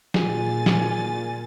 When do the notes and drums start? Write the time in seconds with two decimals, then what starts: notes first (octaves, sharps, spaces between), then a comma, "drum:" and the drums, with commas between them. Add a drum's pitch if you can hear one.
0.14 A#2 F4 G#4 G#5 A6, drum: snare
0.66 drum: snare